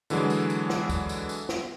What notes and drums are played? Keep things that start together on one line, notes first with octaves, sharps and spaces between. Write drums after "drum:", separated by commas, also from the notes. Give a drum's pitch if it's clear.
D3 E3 F#3 G#3, drum: tambourine
drum: tambourine
drum: tambourine
drum: snare
drum: kick, tambourine
drum: tambourine
drum: tambourine
drum: snare